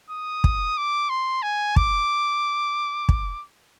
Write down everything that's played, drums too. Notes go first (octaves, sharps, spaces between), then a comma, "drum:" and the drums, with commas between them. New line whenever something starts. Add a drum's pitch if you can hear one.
D#6
drum: kick
D6
C6
G#5
D6, drum: kick
drum: kick